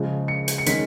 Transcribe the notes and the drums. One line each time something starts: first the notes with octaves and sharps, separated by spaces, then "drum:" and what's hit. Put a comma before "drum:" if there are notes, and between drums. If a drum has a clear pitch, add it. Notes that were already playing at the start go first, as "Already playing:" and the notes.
Already playing: C#3 F3 G#3
C#7
drum: hi-hat
C#7
D#3 G#3 C#4 B6, drum: hi-hat